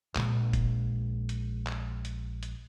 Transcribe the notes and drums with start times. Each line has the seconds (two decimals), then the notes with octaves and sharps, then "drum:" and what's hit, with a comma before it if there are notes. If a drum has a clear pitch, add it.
0.16 A#1 G#3, drum: clap
0.53 drum: kick F1, hi-hat
1.29 drum: hi-hat
1.67 drum: clap
2.05 drum: hi-hat
2.43 drum: hi-hat